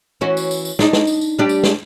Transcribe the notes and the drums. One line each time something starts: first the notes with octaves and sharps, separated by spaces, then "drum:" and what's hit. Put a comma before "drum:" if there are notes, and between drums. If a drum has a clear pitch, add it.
E3 C#4 F#4
drum: tambourine
drum: tambourine
drum: tambourine
D4 D#4, drum: snare
drum: snare
drum: tambourine
drum: tambourine
G3 D4 G4
drum: tambourine
drum: snare